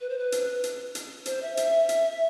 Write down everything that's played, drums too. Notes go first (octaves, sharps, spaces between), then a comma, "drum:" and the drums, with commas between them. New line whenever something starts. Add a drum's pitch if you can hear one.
B4
C5
B4
drum: hi-hat
drum: hi-hat
drum: hi-hat
C5, drum: hi-hat
E5
E5, drum: hi-hat
drum: hi-hat